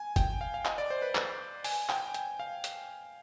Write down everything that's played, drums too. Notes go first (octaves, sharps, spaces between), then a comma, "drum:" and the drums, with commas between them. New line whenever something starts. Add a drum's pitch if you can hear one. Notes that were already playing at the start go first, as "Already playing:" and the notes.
Already playing: G#5
G5, drum: kick F#1, hi-hat
F5
F5
D#5, drum: clap
D5
C5
B4
B4, drum: clap
G#5, drum: open hi-hat
G5, drum: clap
G5, drum: hi-hat
F5
drum: hi-hat